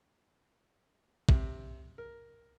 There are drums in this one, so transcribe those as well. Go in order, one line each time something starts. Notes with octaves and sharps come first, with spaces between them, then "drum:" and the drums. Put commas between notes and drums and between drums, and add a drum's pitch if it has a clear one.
C3, drum: kick
A#4